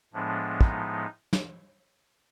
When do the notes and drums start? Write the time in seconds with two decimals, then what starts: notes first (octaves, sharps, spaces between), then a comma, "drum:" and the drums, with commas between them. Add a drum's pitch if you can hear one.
0.14 A2 F3 G#3 B3 D4
0.61 D#4, drum: kick
1.33 drum: snare